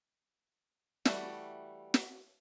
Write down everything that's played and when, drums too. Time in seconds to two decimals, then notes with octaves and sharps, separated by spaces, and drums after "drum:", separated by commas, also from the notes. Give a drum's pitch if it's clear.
1.05 E3 G3 A3 F#4, drum: snare
1.94 drum: snare